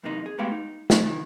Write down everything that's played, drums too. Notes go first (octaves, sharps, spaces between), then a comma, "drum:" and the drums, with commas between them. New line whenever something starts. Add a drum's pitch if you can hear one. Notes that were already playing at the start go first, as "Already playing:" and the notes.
F#2 C3 E3 A#3 D#4
G#4
G#3 A3 B3 F#4 G4 F5
D#4
F#3 A3 C4 D4 E4, drum: snare
C2 D#3 E3